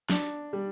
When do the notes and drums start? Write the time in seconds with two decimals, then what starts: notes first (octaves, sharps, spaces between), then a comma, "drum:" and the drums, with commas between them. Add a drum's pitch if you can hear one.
0.10 D4, drum: snare
0.53 G3